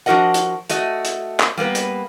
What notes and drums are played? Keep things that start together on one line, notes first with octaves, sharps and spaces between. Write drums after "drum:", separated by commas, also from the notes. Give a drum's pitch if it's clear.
F3 D4 F#4 A#4 D#5 F#5
drum: hi-hat
A3 F#4 D#5, drum: hi-hat
drum: hi-hat
drum: clap
G3 A#3 B3 B4
drum: hi-hat